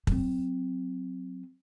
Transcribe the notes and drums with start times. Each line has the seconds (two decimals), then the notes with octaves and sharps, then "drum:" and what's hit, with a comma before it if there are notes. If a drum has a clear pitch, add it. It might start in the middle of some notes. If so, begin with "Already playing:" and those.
0.07 F#3 C4, drum: kick